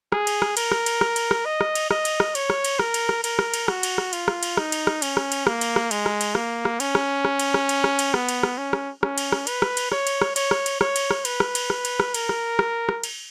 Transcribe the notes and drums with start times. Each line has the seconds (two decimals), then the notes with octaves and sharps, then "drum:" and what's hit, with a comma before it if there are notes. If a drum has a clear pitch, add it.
0.12 G#4, drum: rim click
0.27 drum: cymbal
0.42 drum: rim click
0.57 A#4, drum: cymbal
0.72 drum: rim click
0.86 drum: cymbal
1.01 drum: rim click
1.16 drum: cymbal
1.31 drum: rim click
1.45 D#5
1.61 drum: rim click
1.75 drum: cymbal
1.91 D#5, drum: rim click
2.05 drum: cymbal
2.20 drum: rim click
2.35 C#5, drum: cymbal
2.50 drum: rim click
2.65 drum: cymbal
2.79 A#4, drum: rim click
2.94 drum: cymbal
3.09 drum: rim click
3.24 A#4, drum: cymbal
3.39 drum: rim click
3.54 drum: cymbal
3.68 F#4, drum: rim click
3.83 drum: cymbal
3.98 drum: rim click
4.13 F4, drum: cymbal
4.28 drum: rim click
4.43 drum: cymbal
4.57 D#4, drum: rim click
4.72 drum: cymbal
4.87 drum: rim click
5.02 C#4, drum: cymbal
5.17 drum: rim click
5.32 drum: cymbal
5.47 A#3, drum: rim click
5.61 drum: cymbal
5.76 drum: rim click
5.91 G#3, drum: cymbal
6.06 drum: rim click
6.21 drum: cymbal
6.35 A#3, drum: rim click
6.65 drum: rim click
6.80 C#4, drum: cymbal
6.95 drum: rim click
7.25 drum: rim click
7.39 drum: cymbal
7.54 drum: rim click
7.69 drum: cymbal
7.84 drum: rim click
7.99 drum: cymbal
8.14 B3, drum: rim click
8.29 drum: cymbal
8.43 drum: rim click
8.58 C#4
8.73 drum: rim click
9.03 C#4, drum: rim click
9.18 drum: cymbal
9.32 drum: rim click
9.47 B4, drum: cymbal
9.62 drum: rim click
9.77 drum: cymbal
9.92 C#5, drum: rim click
10.07 drum: cymbal
10.21 drum: rim click
10.36 C#5, drum: cymbal
10.51 drum: rim click
10.66 drum: cymbal
10.81 C#5, drum: rim click
10.96 drum: cymbal
11.11 drum: rim click
11.25 B4, drum: cymbal
11.40 drum: rim click
11.55 drum: cymbal
11.70 drum: rim click
11.85 drum: cymbal
12.00 drum: rim click
12.14 A#4, drum: cymbal
12.29 drum: rim click
12.59 drum: rim click
12.89 drum: rim click
13.04 drum: cymbal